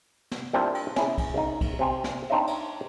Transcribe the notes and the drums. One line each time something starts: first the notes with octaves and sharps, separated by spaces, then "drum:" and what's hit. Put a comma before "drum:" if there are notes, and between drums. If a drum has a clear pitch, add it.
drum: snare
G3 A#3 C4 D4 E4 F4
drum: cymbal
C#4 E4 G#4, drum: snare
drum: kick, cymbal
C2 C#3 D#4
drum: kick, cymbal
C3 C4 G#5
drum: snare
C4 D4 D#4 C5 C#5 E5
drum: cymbal